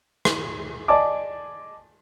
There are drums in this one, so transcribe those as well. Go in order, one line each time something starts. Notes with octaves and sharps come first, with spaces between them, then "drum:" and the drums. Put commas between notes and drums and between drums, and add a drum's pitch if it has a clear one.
drum: rim click
D5 D#5 G#5 A5 D6